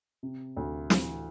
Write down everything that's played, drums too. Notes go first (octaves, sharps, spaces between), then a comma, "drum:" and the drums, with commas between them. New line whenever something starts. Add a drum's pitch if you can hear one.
C3
D2
E3, drum: snare